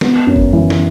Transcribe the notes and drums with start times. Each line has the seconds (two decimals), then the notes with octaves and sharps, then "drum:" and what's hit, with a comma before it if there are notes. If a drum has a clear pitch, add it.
0.01 B3, drum: snare
0.27 F#2
0.36 drum: kick
0.53 E3
0.70 drum: snare